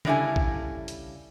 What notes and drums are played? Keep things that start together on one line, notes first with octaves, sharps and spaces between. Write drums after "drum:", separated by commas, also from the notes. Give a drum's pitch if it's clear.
C#3 G3 D4 E4 A4 G#5, drum: tom D3
drum: kick
drum: hi-hat